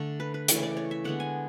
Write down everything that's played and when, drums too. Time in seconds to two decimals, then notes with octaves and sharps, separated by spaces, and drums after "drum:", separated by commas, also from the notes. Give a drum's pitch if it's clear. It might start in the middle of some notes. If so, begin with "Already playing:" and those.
Already playing: D3 A3 A4
0.20 B4
0.34 B4
0.48 C#3 E3 A3 D5, drum: hi-hat
0.63 D5
0.77 C#5
0.91 E5
1.04 D3 G#3 B3 F#5
1.20 G#5